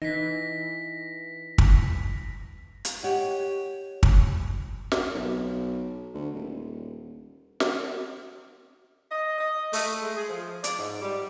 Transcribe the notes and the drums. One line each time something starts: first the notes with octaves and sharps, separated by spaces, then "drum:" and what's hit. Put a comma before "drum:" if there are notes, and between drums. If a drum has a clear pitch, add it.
E3 D#4 A#6 B6
drum: kick
drum: hi-hat
G4 C#5 D#5 F#5
drum: kick
drum: snare
B1
D2
D#1
drum: snare
D#5
D#5
A3, drum: open hi-hat
G#3
G#4
F3
D5, drum: hi-hat
G#2
G3